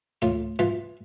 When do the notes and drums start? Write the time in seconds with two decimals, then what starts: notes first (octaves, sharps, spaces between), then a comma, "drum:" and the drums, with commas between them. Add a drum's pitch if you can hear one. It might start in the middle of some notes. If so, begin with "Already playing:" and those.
0.22 A2 F4, drum: tom D2
0.59 E3 F4